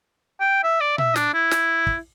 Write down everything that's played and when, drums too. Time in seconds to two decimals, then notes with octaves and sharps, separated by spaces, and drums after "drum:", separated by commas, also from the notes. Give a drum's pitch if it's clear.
0.40 G5
0.64 E5
0.81 D5
0.98 E5, drum: tom A#2
1.16 D4, drum: snare
1.34 E4
1.51 drum: snare
1.87 drum: kick